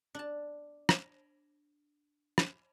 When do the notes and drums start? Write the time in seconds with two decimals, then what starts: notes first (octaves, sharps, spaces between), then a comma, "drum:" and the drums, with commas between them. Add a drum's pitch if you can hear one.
0.15 D4 A5
0.89 drum: rim click
2.38 drum: rim click